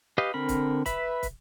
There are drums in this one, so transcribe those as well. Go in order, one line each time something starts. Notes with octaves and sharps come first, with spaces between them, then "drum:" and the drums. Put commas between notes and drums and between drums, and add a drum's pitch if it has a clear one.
G4 B4 D#5 F5
D3 C4 A#4 B5
drum: kick, hi-hat
B4 E5 B5, drum: kick, hi-hat
drum: kick, hi-hat